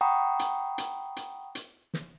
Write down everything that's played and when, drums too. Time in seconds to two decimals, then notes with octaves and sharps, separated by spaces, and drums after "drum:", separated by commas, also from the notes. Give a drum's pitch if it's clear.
0.01 F#5 G5 A#5 B5 C#6 D#6
0.39 drum: hi-hat
0.78 drum: hi-hat
1.16 drum: hi-hat
1.55 drum: hi-hat
1.94 drum: snare